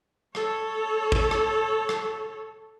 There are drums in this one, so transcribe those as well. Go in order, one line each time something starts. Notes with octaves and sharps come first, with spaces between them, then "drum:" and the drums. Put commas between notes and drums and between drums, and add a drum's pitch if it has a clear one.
A4 C#5, drum: rim click
drum: kick
drum: rim click
drum: rim click